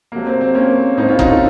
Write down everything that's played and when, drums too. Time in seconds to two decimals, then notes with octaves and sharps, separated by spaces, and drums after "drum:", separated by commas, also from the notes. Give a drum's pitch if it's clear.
0.12 C3 F#3 A3 A#3
0.26 C4
0.41 C4
0.55 A#3 C#4
0.98 A2 A3 C4 D#4
1.08 C#4 F4
1.19 D#4 F#4, drum: kick F#1
1.29 F4 A4